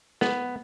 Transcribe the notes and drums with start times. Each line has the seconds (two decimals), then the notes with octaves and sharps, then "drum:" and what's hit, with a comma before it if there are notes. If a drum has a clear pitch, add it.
0.21 B3, drum: snare